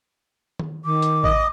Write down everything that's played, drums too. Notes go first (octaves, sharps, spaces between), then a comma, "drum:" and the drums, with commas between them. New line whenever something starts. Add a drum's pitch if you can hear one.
drum: tom D#3
D#3 D6
drum: hi-hat
D#5, drum: kick A1